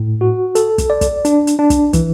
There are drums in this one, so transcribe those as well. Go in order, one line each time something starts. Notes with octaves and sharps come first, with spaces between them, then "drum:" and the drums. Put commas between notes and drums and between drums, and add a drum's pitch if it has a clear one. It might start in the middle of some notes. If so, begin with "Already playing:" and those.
Already playing: A2
F#4
A4, drum: hi-hat
drum: kick, hi-hat
D5
drum: kick, hi-hat
D4, drum: hi-hat
drum: hi-hat
D4
drum: kick, hi-hat
E3, drum: kick, hi-hat